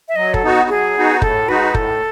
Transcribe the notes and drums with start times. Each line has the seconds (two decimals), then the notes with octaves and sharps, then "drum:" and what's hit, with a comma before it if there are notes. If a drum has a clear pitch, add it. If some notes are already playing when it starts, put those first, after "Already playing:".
0.08 E5
0.16 F#3 D#5
0.34 A4, drum: kick
0.43 B3 D#4 F#4
0.69 F#3 G#4
0.96 B3 D#4 F#4
1.22 A2 A4, drum: kick
1.48 G#3 D#4 F#4 B4
1.74 A2 A4, drum: kick